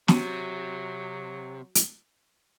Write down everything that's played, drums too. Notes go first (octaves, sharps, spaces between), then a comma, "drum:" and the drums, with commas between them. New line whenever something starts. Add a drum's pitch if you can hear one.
C3 F#3 F#4, drum: snare
drum: hi-hat